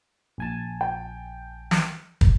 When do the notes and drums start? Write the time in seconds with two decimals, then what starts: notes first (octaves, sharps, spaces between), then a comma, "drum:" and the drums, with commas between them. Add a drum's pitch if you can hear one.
0.38 A#1 G#5 A5
0.81 G5
1.71 drum: snare
2.21 drum: kick